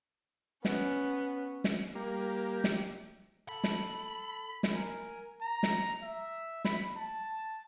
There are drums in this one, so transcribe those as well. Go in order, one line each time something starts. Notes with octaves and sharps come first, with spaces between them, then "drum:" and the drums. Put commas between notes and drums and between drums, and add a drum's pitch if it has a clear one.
B3 C#4, drum: snare
drum: snare
G3 A#3 G4
drum: snare
A4 B5
drum: snare
drum: snare
A#4 G#5
A#5
drum: snare
E5
B5, drum: snare
A5